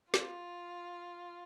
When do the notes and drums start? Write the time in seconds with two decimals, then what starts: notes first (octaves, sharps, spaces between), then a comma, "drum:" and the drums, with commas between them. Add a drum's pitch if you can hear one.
0.14 F4, drum: snare